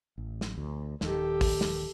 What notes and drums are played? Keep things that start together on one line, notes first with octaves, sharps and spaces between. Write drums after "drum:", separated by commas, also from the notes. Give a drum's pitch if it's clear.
A1
drum: snare
D2
D#1 D#2 D#3 G4 A4, drum: snare
drum: kick, open hi-hat
drum: snare